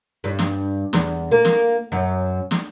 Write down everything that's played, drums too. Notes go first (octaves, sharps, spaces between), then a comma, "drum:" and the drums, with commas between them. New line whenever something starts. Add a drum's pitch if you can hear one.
G2
drum: snare
E2, drum: snare
A#3
drum: snare
F#2
drum: snare